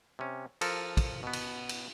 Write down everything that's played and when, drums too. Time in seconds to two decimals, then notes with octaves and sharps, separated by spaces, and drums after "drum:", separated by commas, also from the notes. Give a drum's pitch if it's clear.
0.19 C3 C#4
0.61 F3 A4 A#4, drum: cymbal
0.97 drum: kick, cymbal
1.23 B2 B3
1.33 drum: cymbal
1.69 drum: cymbal